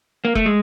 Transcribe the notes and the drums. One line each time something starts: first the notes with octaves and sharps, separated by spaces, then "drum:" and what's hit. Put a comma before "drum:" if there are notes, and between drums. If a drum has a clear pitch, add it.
A#3
A3, drum: kick F1
G#3